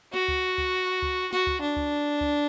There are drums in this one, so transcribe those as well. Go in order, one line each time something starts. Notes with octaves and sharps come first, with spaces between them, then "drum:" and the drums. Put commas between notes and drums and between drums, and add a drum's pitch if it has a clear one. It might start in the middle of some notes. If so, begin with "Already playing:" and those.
F#4, drum: snare
drum: kick C#2
drum: kick C#2
drum: kick C#2
F#4, drum: snare
drum: kick C#2
D4
drum: kick C#2
drum: kick C#2